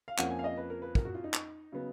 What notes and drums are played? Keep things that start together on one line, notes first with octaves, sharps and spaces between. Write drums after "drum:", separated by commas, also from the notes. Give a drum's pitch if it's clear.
F5
F2 F3 A#3 C#4 F#5, drum: clap
G#5
F5
D#5
B4
A#4
B4
A#4, drum: kick
F#4
F4
D#4
drum: clap
C#3 F#3 B3